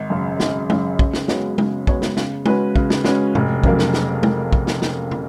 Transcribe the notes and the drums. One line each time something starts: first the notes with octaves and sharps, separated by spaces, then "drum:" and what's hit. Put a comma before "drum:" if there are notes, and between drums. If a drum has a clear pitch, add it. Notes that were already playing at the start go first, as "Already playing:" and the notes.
Already playing: G#1
F#2 C#3
G#1, drum: snare
F#2 C#3, drum: tom G#3
C#3, drum: kick
drum: snare
G#3 B3 F#4 C#5, drum: snare
C#3, drum: tom G#3
G#3 B3 F#4 C#5, drum: kick
drum: snare
C#3, drum: snare
G#3 C#4 F#4 B4, drum: tom G#3
C#3, drum: kick
drum: snare
G#3 C#4 F#4 B4, drum: snare
F1, drum: tom G#2
F2 C#3 F#3 A#3, drum: kick
drum: snare
drum: snare
drum: tom G#3
drum: kick
drum: snare
drum: snare
drum: tom